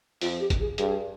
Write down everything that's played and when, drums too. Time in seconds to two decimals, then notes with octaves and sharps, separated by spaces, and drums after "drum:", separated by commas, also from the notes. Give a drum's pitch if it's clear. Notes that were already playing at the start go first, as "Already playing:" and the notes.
0.21 F2 F4, drum: open hi-hat
0.40 G4
0.50 drum: kick, hi-hat
0.60 G#4
0.78 G2 G#4, drum: hi-hat